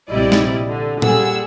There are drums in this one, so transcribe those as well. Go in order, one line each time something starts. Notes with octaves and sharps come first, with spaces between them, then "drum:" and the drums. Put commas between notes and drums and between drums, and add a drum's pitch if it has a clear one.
A#1 C3 G3 E4 D5 D#5
drum: snare
D3
A#2 G3 G#4 A4 F#5 E6, drum: tom A#2